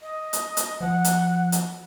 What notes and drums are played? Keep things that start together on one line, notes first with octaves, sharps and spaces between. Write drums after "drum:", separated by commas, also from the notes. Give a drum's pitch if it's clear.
D#5
drum: hi-hat
drum: hi-hat
F3 F#5
drum: hi-hat
drum: hi-hat